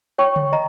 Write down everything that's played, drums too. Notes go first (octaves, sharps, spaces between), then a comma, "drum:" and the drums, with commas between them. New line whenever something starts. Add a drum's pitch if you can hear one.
C#5 G5 C#6
drum: tom C#3
D#5 A#5